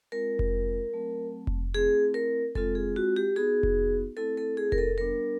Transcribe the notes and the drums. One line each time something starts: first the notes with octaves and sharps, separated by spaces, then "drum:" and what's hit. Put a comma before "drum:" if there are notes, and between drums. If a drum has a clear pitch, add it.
G#3 C4 F4 A#4
drum: kick F1
F#3 A3 C4
drum: kick F1
A3 C4 E4 G#4
A#4
G#3 C4 F4 A4, drum: kick F1
G#4
F#4
G4
B3 D#4 F#4 G#4
drum: kick F1
A3 C4 E4 A4
A4
G#4
A#4, drum: kick F1
A4
G3 B3 D4 A#4